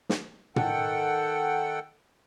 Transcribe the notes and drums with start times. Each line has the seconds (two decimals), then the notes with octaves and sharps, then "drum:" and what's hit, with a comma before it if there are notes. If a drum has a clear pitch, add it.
0.09 drum: snare
0.56 D#3 A4 F#5 G5, drum: tom